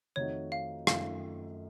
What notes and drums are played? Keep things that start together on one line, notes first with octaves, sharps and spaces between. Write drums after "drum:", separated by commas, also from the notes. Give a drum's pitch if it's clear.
F2 D#3 A3 D#4 F#4 C#5
F5
F#2 D#3 A3 C#4 F4 F5, drum: rim click